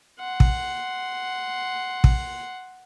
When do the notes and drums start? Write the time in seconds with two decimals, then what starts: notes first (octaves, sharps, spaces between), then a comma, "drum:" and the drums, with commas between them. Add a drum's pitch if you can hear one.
0.20 F#5 C6
0.40 drum: kick
2.04 drum: kick